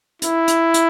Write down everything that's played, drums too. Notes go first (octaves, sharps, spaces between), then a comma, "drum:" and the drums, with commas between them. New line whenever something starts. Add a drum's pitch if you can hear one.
E4, drum: hi-hat
drum: hi-hat
drum: hi-hat